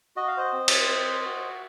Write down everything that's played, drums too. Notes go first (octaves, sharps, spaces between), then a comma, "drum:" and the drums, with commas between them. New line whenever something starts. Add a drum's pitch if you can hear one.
F#4 D#5
F5
C5 D#5
C4
drum: cymbal
C4
F#4